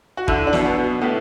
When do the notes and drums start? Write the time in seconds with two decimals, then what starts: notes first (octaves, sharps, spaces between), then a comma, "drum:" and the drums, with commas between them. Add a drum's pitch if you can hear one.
0.17 F#4
0.28 D3 E4, drum: kick
0.47 D4
0.53 B2, drum: snare
0.65 B3
0.77 B2
1.01 A2 B3